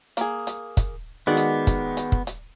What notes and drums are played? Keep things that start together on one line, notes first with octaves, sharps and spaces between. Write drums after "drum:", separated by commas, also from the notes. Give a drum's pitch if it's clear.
A#3 G#4, drum: hi-hat
drum: hi-hat
drum: kick, hi-hat
D#3 G#3 B3 F#4 D5 F#5
drum: hi-hat
drum: kick, hi-hat
drum: hi-hat
drum: kick
drum: hi-hat